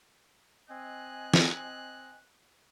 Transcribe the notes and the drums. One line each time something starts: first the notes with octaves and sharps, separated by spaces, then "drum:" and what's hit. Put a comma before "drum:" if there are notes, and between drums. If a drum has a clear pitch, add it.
C4 D#5 G#5 F#6
drum: snare